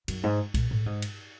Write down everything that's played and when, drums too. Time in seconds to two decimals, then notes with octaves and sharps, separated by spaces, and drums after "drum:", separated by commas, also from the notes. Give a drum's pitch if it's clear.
0.08 F#2, drum: cymbal
0.23 G#2
0.54 A#2, drum: kick B1, cymbal
0.71 A2
0.86 G#2
1.02 drum: cymbal